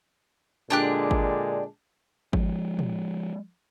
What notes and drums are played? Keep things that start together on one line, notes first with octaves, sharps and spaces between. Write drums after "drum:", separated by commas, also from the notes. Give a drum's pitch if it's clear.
A#2 D3 G#3 D4 G4 F#6
drum: kick G#1
F3 G#3, drum: kick G#1
drum: tom